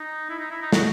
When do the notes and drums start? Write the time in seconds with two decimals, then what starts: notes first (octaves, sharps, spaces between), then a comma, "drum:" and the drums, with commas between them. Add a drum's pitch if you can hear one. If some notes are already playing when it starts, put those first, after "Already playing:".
Already playing: D#4
0.29 E4
0.39 D#4
0.51 E4
0.62 D#4
0.72 F#4, drum: snare